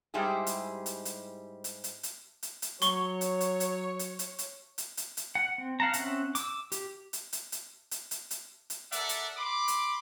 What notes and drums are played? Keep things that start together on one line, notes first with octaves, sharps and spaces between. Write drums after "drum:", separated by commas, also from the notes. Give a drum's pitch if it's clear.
G#2 G3 E4 G4 G#4
drum: hi-hat
drum: hi-hat
drum: hi-hat
drum: hi-hat
drum: hi-hat
drum: hi-hat
drum: hi-hat
drum: hi-hat
F#3 C#5 C#6 G7, drum: hi-hat
drum: hi-hat
drum: hi-hat
drum: hi-hat
drum: hi-hat
drum: hi-hat
drum: hi-hat
drum: hi-hat
drum: hi-hat
drum: hi-hat
F#5
C4
F5 F#5 A5 A#5
C4 C#4 E5 F#5, drum: hi-hat
D6 E6, drum: hi-hat
G4, drum: hi-hat
drum: hi-hat
drum: hi-hat
drum: hi-hat
drum: hi-hat
drum: hi-hat
drum: hi-hat
drum: hi-hat
A4 A#4 D5 E5 F#5, drum: hi-hat
drum: hi-hat
B5 C6 D6
drum: hi-hat